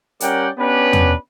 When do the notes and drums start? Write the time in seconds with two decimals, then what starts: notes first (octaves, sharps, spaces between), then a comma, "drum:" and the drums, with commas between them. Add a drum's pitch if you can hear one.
0.20 G3 C#4 A#4 D5 F#5 G5, drum: hi-hat
0.58 B3 C#4 D4 G4 B4
0.93 drum: tom E2